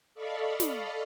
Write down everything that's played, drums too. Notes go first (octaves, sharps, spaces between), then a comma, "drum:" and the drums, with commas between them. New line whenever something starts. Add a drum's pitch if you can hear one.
A4 D5 D#5 F5 B5 C#6
drum: snare